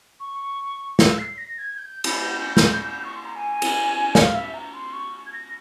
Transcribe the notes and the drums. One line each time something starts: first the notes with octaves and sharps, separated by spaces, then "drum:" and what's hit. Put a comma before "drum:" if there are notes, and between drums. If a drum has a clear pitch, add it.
C#6
E6, drum: snare
C7
A#6
G#6
G#6
G6
drum: cymbal
drum: snare
C#6
C6
A#5
G#5
drum: cymbal
F5, drum: snare
E5
A#5
C6
C#6
G#6
A#6